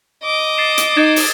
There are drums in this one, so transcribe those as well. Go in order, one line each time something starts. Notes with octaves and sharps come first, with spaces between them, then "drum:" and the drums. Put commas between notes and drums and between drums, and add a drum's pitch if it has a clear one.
D#5 D6
A6 C7 E7
drum: hi-hat
D#4 G#6 A6 E7
drum: open hi-hat